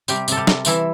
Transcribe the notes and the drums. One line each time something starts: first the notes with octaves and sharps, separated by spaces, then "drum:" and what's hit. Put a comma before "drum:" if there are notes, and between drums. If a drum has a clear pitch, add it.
C3 G3 G4, drum: tambourine
C3 A4, drum: tambourine
G3 G4
C3, drum: snare
C3 E3 E4, drum: tambourine